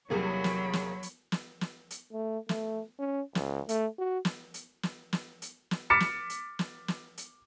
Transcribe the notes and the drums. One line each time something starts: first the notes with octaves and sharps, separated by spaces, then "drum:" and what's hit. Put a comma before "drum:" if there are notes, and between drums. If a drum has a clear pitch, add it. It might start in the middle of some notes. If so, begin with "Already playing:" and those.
E2 C3 F#3 G3 A#3 G#4 C#5 B5
drum: snare
drum: snare
drum: hi-hat
drum: snare
drum: snare
drum: hi-hat
A3
A3, drum: snare
C#4
C#2, drum: snare
A3, drum: hi-hat
F#4
drum: snare
drum: hi-hat
drum: snare
drum: snare
drum: hi-hat
drum: snare
D6 F6 A6 B6 C#7 E7
drum: snare
drum: hi-hat
drum: snare
drum: snare
drum: hi-hat